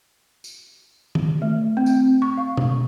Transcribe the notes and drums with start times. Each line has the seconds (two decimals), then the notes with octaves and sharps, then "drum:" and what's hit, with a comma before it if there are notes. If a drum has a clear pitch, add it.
0.44 drum: tambourine
1.15 drum: tom
1.42 A3
1.77 C4
1.86 drum: tambourine
2.22 C#6
2.38 F5
2.57 drum: tom B2